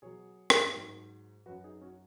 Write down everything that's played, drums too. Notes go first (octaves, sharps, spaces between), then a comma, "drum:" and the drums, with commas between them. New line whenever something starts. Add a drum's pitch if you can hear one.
B2 F#3 G#4 C#5
drum: rim click
G#2 F#3
F#2 F#3 F#4 B4
D#4 G#4
C#4 F#4